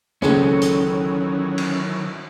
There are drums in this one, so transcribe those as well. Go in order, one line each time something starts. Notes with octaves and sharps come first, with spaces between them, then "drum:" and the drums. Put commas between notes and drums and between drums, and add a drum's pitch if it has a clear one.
C#2 D#3 E3 F#3 G#3 C4 C#4 A4, drum: snare
drum: hi-hat
drum: cymbal